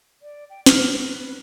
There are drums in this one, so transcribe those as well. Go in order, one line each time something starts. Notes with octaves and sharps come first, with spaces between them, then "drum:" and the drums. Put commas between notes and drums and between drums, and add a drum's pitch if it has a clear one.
D5
G5
F6, drum: snare
B4